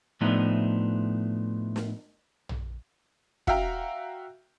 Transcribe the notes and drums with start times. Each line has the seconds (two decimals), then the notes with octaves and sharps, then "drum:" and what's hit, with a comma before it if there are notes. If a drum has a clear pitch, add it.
0.21 A2 F3 A3 B3 D4 D#4
1.76 drum: snare
2.49 drum: tom
3.47 F#4 E5 F5 G5 A#5, drum: kick